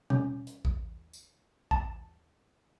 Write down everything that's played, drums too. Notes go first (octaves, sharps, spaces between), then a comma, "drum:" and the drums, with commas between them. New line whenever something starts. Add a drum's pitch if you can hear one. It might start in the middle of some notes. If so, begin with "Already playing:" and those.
C#4, drum: tom
drum: hi-hat
drum: kick A1
drum: tambourine
A5, drum: kick A1